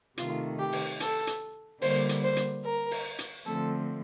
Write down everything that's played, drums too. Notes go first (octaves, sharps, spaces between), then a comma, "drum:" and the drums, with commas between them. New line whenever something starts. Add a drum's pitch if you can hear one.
C3 D#3 A3 F4, drum: hi-hat
G4
drum: open hi-hat
A4, drum: hi-hat
drum: hi-hat
D3 G3 A#3 C5, drum: open hi-hat
drum: hi-hat
C5
drum: hi-hat
A#4
drum: open hi-hat
drum: hi-hat
D3 F3 A3 C4 A4